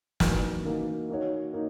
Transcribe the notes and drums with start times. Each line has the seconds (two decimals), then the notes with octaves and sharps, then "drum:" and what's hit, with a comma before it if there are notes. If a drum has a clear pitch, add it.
0.20 E3 A#3 D#4 F#4, drum: snare
0.65 E3 A#3 D#4 F#4
1.09 A#3 D#4 F#4 C#5
1.53 A#3 D#4